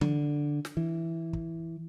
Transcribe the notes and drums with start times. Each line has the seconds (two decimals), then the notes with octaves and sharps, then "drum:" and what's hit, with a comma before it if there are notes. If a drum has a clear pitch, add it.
0.01 D3, drum: tom E3
0.65 drum: snare
0.77 E3
1.33 drum: kick